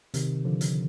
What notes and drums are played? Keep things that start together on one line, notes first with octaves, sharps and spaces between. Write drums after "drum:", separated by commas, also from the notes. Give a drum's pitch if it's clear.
C3 D#3, drum: hi-hat
D3 F3
drum: hi-hat